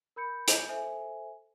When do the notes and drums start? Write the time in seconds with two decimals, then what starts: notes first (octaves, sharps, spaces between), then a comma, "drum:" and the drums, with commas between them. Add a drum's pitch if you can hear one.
0.16 A#4 B5 G6 C#7
0.48 D6 G6, drum: hi-hat
0.69 A4 C5 E5 G#5